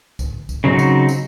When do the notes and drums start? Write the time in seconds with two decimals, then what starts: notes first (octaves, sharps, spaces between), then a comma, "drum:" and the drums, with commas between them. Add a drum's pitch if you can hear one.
0.19 drum: kick, tambourine
0.49 drum: kick, tambourine
0.64 C#3 F#3 C4 D#4 F#4
0.79 drum: tambourine
1.09 drum: tambourine